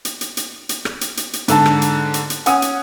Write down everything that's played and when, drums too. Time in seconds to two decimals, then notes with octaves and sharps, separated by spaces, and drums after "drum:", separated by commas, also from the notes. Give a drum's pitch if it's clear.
0.05 drum: hi-hat
0.21 drum: hi-hat
0.37 drum: hi-hat
0.69 drum: hi-hat
0.85 drum: rim click
1.01 drum: hi-hat
1.17 drum: hi-hat
1.33 drum: hi-hat
1.48 G#2 D3 A4 A5, drum: hi-hat
1.66 drum: rim click
1.82 drum: hi-hat
2.14 drum: hi-hat
2.30 drum: hi-hat
2.46 C#4 F#5 G#5 D#6, drum: hi-hat
2.62 drum: hi-hat